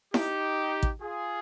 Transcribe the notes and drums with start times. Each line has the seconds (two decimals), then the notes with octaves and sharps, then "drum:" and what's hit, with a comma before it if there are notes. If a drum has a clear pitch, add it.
0.14 D#4 G4, drum: snare E4
0.83 drum: kick
1.01 F4 G#4